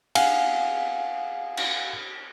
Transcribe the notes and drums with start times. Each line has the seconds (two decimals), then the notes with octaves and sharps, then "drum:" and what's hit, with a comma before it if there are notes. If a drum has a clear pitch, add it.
0.15 F5 F#5 G#5, drum: cymbal
1.57 drum: cymbal